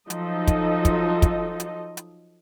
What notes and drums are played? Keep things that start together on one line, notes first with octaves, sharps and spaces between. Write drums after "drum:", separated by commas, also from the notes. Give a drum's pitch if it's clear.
F3 F#3 D#4 A4 D#5, drum: hi-hat
drum: kick, hi-hat
drum: kick, hi-hat
drum: kick, hi-hat
drum: hi-hat
drum: hi-hat